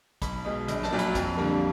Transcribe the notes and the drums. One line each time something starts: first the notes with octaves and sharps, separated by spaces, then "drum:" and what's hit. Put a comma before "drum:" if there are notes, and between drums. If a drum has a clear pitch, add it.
B1 B5, drum: kick, hi-hat
B2 G#3
A#1, drum: hi-hat
A5, drum: snare
A#2 F#3 A#3
B5, drum: hi-hat
F2, drum: kick, hi-hat
D3 G3 A#3